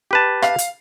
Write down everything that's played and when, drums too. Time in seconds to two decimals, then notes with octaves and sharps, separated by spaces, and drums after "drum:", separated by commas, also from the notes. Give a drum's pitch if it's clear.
0.11 G4 B4 A5
0.42 F5, drum: rim click
0.58 drum: hi-hat